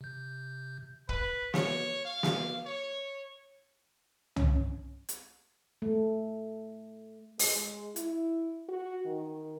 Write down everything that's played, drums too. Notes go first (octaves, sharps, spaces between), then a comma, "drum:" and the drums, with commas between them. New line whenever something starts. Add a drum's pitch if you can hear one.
C3 G6
B4, drum: kick
C#5, drum: snare
F5
drum: snare
C#5
C#4, drum: tom
drum: hi-hat
A3
G#3, drum: open hi-hat
E4, drum: hi-hat
F#4
D#3